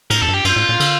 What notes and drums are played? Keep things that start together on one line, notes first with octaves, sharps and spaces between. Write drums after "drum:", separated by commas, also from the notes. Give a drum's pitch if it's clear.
A2 A#4, drum: cymbal
F2 A4
G2
G4
G2 F4, drum: cymbal
A2
A#2
D3, drum: cymbal